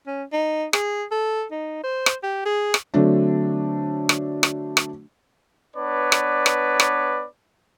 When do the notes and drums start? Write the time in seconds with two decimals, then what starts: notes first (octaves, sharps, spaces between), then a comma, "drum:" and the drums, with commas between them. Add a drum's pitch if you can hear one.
0.07 C#4
0.32 D#4
0.73 G#4, drum: rim click
1.11 A4
1.51 D#4
1.83 C5
2.06 drum: rim click
2.23 G4
2.46 G#4
2.74 drum: rim click
2.94 D3 F#3 A3 C4 D4
4.09 drum: rim click
4.43 drum: rim click
4.77 drum: rim click
5.75 B3 D4 B4 C#5 D5
6.12 drum: rim click
6.46 drum: rim click
6.80 drum: rim click